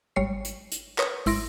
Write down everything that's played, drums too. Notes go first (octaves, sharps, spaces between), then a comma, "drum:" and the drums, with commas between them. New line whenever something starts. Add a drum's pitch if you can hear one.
G#1 G3 C#5 C7
drum: hi-hat
drum: hi-hat
A#4 B4 C#5 D#6, drum: clap
G#1 E4 C6 A#6 D7, drum: open hi-hat